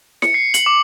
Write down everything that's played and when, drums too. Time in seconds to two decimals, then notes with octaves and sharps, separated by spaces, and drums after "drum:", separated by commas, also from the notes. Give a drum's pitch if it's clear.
0.22 C#7, drum: snare
0.34 C7
0.54 F#7, drum: hi-hat
0.66 D6